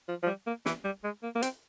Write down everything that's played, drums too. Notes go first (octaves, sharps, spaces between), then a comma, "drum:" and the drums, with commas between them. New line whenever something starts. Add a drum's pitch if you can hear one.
F3
F3
G3
A#3
E3, drum: snare
G3
G#3
A#3
A#3
C4, drum: hi-hat